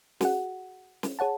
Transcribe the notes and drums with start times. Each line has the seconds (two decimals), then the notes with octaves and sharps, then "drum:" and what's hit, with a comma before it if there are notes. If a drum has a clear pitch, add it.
0.21 F#4 G#4 F#5, drum: snare
1.03 drum: snare
1.19 G#4 C#5 F#5 A5